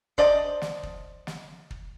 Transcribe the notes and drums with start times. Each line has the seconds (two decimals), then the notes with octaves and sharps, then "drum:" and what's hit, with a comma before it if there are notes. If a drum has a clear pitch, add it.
0.18 C5 D5 D#5 A5, drum: kick
0.62 drum: snare
0.83 drum: kick
1.27 drum: snare
1.71 drum: kick